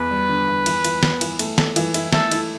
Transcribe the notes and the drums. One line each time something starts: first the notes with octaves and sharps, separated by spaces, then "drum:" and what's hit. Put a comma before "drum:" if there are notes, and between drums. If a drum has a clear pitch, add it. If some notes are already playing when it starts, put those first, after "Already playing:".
Already playing: E2 B4
G3
D3
E2
E3, drum: cymbal
E3, drum: cymbal
B3, drum: snare
E3, drum: cymbal
A3, drum: cymbal
A4, drum: snare
E3, drum: cymbal
E4, drum: cymbal
A3 A4, drum: snare
E4, drum: cymbal